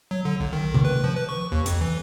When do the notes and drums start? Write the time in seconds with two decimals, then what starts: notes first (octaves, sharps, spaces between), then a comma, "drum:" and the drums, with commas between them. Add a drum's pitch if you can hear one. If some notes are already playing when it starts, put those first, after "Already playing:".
0.11 F#3
0.25 D3
0.40 B1
0.53 D#3
0.74 drum: tom C3
0.85 B4
1.04 F3
1.16 B4
1.29 C#6
1.52 D#2
1.66 F2, drum: hi-hat
1.81 E3